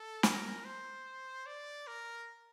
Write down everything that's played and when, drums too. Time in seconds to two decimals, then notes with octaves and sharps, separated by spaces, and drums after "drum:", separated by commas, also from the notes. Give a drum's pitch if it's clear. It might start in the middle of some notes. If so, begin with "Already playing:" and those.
Already playing: A4
0.23 A#4, drum: snare
0.65 C5
1.46 D5
1.87 A#4